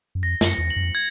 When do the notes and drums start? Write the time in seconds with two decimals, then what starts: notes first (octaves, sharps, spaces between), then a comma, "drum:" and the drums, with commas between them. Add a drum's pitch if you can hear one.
0.15 F#2
0.23 F2 A#6
0.41 F#2 C#7, drum: snare
0.58 E2
0.70 F#7
0.76 F#2
0.84 F2
0.95 G#6